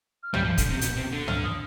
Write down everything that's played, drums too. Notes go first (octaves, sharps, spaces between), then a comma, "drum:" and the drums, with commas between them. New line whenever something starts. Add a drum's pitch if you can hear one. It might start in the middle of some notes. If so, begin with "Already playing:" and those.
F6
G3 G6, drum: tom
F3
D3, drum: kick, hi-hat
C3
B2, drum: hi-hat
C3
D3
F6, drum: tom
D#6